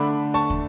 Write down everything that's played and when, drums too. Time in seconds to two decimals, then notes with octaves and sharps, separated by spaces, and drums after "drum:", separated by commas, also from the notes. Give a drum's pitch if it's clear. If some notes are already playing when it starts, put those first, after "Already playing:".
Already playing: D3 A3 D4 B5 D6
0.34 A5 C#6
0.50 drum: kick